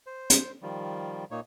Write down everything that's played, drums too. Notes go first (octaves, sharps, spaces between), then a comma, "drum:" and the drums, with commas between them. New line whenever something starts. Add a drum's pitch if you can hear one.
C5
drum: hi-hat
D#3 F3 G3
A#2 A#3 D#4 C#5